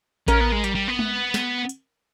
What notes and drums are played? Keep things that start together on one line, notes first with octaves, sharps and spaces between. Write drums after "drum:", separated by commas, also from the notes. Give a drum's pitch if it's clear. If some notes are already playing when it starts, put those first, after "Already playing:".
C#4 A#4, drum: kick A1, hi-hat
B3
G#3
G3, drum: hi-hat
G3
B3
drum: tom G#3
drum: snare
drum: hi-hat